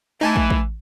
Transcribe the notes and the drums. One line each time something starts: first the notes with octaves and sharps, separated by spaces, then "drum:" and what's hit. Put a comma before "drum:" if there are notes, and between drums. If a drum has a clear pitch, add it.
E3 A3 D#4 G#5 A5
drum: kick
drum: kick